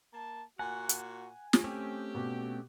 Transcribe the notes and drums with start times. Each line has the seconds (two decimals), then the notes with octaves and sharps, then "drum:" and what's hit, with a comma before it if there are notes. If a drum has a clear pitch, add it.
0.13 A#3 A5
0.59 A#2 F#4 F#5 G#5
0.89 drum: hi-hat
1.53 drum: snare
1.64 A3 C4 C#4 G4
2.15 B2